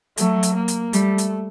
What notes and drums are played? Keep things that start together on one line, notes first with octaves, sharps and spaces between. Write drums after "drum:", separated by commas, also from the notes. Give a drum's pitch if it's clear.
F#3 A3, drum: hi-hat
drum: hi-hat
A#3
drum: hi-hat
G3 A3, drum: hi-hat
drum: hi-hat